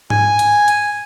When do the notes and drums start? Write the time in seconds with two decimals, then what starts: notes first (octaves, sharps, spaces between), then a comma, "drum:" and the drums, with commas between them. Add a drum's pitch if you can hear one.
0.10 G#5, drum: tom G#2
0.39 drum: hi-hat
0.68 drum: hi-hat